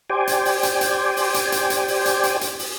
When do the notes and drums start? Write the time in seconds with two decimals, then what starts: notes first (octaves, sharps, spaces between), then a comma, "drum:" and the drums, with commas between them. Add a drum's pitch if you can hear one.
0.10 G4 C5 D5 G5 G#5
0.27 drum: hi-hat
0.45 drum: open hi-hat
0.63 drum: hi-hat
0.81 drum: hi-hat
1.16 drum: open hi-hat
1.34 drum: hi-hat
1.52 drum: hi-hat
1.70 drum: hi-hat
1.88 drum: open hi-hat
2.06 drum: hi-hat
2.23 drum: hi-hat
2.41 drum: hi-hat
2.59 drum: open hi-hat